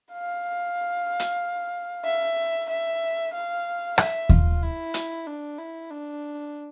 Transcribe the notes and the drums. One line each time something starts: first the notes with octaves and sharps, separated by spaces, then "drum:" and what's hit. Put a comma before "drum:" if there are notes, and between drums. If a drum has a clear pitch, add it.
F5
drum: hi-hat
E5
E5
F5
E5, drum: rim click
F4, drum: kick D#2
E4
drum: hi-hat
D4
E4
D4